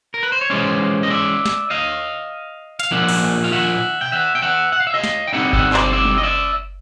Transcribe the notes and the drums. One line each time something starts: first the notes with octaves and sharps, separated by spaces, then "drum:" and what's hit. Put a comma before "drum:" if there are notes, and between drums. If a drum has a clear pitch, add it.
A#4
B4
C5
C#5
E3 G#3 C#4 C5 D5
D#5
D5 E5
drum: snare
D#5 F5
F5, drum: hi-hat
A#2 F3 A#3 D4 E5 F#5
drum: cymbal
F5
E5 F#5
G5
E5 F#5
G5
E5 F#5
F#5
F5
E5
D#5 F5
drum: snare
G5
D3 G3 C4 D#4 E5 F#5
E5 F#5, drum: kick G1
C5 D5, drum: clap
D5 E5
drum: tom G3
D#5
D5 E5